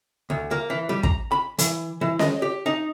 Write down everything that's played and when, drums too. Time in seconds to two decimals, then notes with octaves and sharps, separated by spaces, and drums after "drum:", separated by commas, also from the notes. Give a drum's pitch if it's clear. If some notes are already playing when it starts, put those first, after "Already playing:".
0.30 D2
0.51 A#3
0.70 E3
0.89 G3
1.03 A#5, drum: kick
1.32 B5
1.58 E3, drum: hi-hat
2.01 E3
2.19 D#5, drum: snare C#4
2.42 G4
2.66 D#4